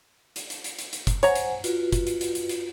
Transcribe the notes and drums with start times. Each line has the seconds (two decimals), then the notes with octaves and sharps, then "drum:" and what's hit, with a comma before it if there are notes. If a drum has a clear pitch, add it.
0.36 drum: hi-hat
0.50 drum: hi-hat
0.64 drum: hi-hat
0.79 drum: hi-hat
0.93 drum: hi-hat
1.07 drum: kick F#1, hi-hat
1.23 C5 C#5 F#5 G#5 A#5, drum: hi-hat
1.36 drum: hi-hat
1.64 F4 F#4 B4, drum: hi-hat
1.92 drum: kick F#1, hi-hat
2.07 drum: hi-hat
2.21 drum: hi-hat
2.35 drum: hi-hat
2.49 drum: hi-hat